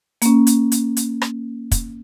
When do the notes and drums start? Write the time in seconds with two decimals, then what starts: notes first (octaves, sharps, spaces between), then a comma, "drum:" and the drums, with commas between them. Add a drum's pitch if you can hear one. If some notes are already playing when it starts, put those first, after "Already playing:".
0.22 A#3 C#4, drum: hi-hat
0.47 drum: hi-hat
0.72 drum: hi-hat
0.97 drum: hi-hat
1.22 drum: rim click
1.71 drum: kick, hi-hat